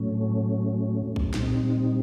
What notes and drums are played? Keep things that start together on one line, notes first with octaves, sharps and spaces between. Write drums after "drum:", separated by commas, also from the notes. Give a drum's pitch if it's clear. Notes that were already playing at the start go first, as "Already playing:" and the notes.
Already playing: A2 F#3 A3 C#4
drum: kick
A#2 G3 C4 D#4, drum: snare